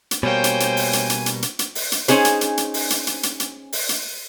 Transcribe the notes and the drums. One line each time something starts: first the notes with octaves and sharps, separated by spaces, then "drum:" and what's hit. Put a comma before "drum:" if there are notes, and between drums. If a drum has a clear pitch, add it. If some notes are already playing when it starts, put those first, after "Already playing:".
drum: hi-hat
B2 G3 A#3 C5 C#5 G5 G#5
drum: hi-hat
drum: hi-hat
drum: open hi-hat
drum: hi-hat
drum: hi-hat
drum: hi-hat
drum: hi-hat
drum: hi-hat
drum: open hi-hat
drum: hi-hat
C#4 D#4 G#4 C5, drum: hi-hat
drum: hi-hat
drum: hi-hat
drum: hi-hat
drum: open hi-hat
drum: hi-hat
drum: hi-hat
drum: hi-hat
drum: hi-hat
drum: open hi-hat
drum: hi-hat